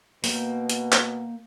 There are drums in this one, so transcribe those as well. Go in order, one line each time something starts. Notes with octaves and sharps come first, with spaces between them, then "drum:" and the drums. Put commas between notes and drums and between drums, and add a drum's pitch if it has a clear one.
B2 A#3 G5, drum: open hi-hat
drum: hi-hat
drum: clap